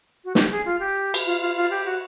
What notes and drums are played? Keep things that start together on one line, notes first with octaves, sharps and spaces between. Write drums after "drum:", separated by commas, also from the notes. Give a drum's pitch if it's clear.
F#4
G4, drum: snare
G#4
F4
G4
drum: cymbal
F4
F4
F4
G4
F#4